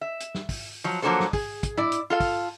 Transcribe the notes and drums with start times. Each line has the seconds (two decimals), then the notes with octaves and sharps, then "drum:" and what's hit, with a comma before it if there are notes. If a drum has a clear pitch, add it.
0.01 E5
0.20 drum: hi-hat
0.35 drum: snare
0.49 drum: kick, open hi-hat
0.84 F3 F#3
1.02 F3 F#3 A#3 D4 A4 C5
1.20 drum: snare
1.33 G#4, drum: kick, open hi-hat
1.63 drum: kick, hi-hat
1.77 E4 D5, drum: tom A2
1.92 drum: hi-hat
2.10 F4 A4 F5
2.20 drum: kick, open hi-hat